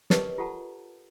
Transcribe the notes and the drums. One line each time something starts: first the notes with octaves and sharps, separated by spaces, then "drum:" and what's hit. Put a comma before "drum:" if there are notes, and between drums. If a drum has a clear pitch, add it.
G4 A#4 B4 C#5 D#5 A5, drum: snare
F4 G4 A4 F#5 A5 A#5